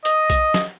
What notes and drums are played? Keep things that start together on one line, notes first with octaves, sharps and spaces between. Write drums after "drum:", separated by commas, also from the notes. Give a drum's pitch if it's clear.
D#5, drum: hi-hat
drum: kick B1, hi-hat
drum: snare